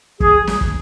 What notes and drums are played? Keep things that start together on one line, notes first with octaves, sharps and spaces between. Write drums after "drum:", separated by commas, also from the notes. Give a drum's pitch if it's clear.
G#4, drum: kick
drum: snare
drum: kick